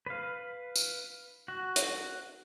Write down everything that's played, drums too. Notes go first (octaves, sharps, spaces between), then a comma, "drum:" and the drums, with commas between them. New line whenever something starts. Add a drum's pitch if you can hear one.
B4 F5
drum: tambourine
F#4
drum: hi-hat